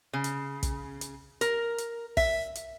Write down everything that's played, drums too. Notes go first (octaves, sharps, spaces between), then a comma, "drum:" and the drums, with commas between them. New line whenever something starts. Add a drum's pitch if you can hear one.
C#3
drum: hi-hat
drum: kick, hi-hat
drum: hi-hat
A#4, drum: hi-hat
drum: hi-hat
E5, drum: kick, open hi-hat
drum: hi-hat